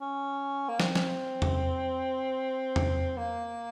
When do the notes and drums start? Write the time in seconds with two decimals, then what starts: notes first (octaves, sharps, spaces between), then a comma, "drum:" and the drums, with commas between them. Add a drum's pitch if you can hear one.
0.01 C#4
0.69 A#3
0.80 C4, drum: snare
0.95 drum: snare
1.42 drum: tom E2
2.76 drum: tom E2
3.17 A#3